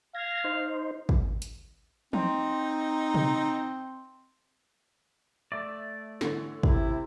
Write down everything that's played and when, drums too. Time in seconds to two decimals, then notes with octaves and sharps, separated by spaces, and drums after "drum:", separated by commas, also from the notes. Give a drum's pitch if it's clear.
0.15 F5 G#6 A#6
0.44 D#4 C5
1.09 drum: kick
1.42 drum: hi-hat
2.13 C4 D#4, drum: tom
3.15 drum: tom B2
5.52 A3 D5 E5
6.21 D3 E3 C#5, drum: snare
6.63 C3 E4, drum: kick